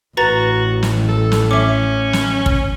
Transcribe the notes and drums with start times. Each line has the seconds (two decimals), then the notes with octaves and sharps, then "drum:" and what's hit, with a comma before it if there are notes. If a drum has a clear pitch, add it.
0.17 A1 F#4 B4 A#5 A6
0.83 drum: snare
1.08 A4
1.32 drum: snare
1.51 C#4 E5 D6
2.13 drum: snare
2.46 drum: kick